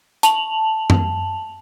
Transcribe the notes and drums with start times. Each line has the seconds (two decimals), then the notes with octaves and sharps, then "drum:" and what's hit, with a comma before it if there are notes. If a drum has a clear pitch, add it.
0.23 A5 F7 F#7, drum: hi-hat
0.90 drum: tom F#2